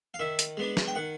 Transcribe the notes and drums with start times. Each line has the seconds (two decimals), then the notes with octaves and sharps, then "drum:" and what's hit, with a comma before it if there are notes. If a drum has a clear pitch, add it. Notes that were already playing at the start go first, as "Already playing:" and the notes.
0.14 F5
0.19 D#3 E5
0.39 drum: hi-hat
0.57 G#3 B3 D4
0.77 drum: snare
0.87 G5
0.95 D#3 F#5